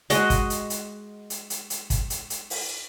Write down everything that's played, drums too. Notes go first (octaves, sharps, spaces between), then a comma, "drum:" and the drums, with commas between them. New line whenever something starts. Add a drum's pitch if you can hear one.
G#3 F#4 D#5, drum: hi-hat
drum: kick, hi-hat
drum: hi-hat
drum: hi-hat
drum: hi-hat
drum: hi-hat
drum: hi-hat
drum: kick, hi-hat
drum: hi-hat
drum: hi-hat
drum: open hi-hat